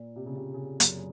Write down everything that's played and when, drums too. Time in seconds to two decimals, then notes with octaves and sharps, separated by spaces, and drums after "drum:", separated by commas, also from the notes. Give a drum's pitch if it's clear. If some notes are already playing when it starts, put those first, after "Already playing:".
Already playing: A#2
0.16 C3
0.26 C#3
0.35 C3
0.54 C#3
0.80 F#2, drum: hi-hat